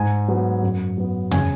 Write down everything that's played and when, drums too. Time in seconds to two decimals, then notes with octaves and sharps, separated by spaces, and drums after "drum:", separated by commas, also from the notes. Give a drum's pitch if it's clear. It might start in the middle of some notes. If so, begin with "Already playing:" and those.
Already playing: G#2 G#5
0.28 F#3 B3
0.63 F#2
0.98 F#3 B3
1.31 C#3 G#5, drum: tom